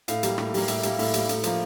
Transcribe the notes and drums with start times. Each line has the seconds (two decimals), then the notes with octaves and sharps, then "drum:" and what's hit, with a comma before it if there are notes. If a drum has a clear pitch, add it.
0.08 A2 F5, drum: hi-hat
0.23 G3 A#3, drum: hi-hat
0.38 A2, drum: rim click
0.54 G3 A#3 F5, drum: open hi-hat
0.68 A2 E5, drum: hi-hat
0.83 G3 A#3, drum: hi-hat
0.99 A2 E5, drum: open hi-hat
1.14 G3 A#3, drum: hi-hat
1.29 A2, drum: hi-hat
1.43 F3 A#3, drum: hi-hat